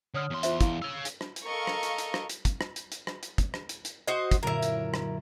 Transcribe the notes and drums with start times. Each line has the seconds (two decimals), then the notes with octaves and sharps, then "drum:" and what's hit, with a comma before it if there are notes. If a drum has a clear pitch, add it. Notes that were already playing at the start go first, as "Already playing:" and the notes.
0.14 D3 C#5 D#6 F6
0.30 E2 C6
0.43 F4 C5 E5, drum: hi-hat
0.61 E4 F5, drum: kick, hi-hat
0.82 C#5 F5 E6 G7
1.05 drum: hi-hat
1.21 drum: rim click
1.36 drum: hi-hat
1.46 A4 A#4 D#5 F5 C#6
1.67 drum: rim click
1.83 drum: hi-hat
1.98 drum: hi-hat
2.14 drum: rim click
2.30 drum: hi-hat
2.45 drum: kick, hi-hat
2.61 drum: rim click
2.76 drum: hi-hat
2.92 drum: hi-hat
3.07 drum: rim click
3.23 drum: hi-hat
3.38 drum: kick, hi-hat
3.54 drum: rim click
3.69 drum: hi-hat
3.85 drum: hi-hat
4.07 F#4 C5 D#5
4.31 drum: kick, hi-hat
4.43 F#2 A#2 D3 E4 A#4
4.63 drum: hi-hat
4.94 drum: rim click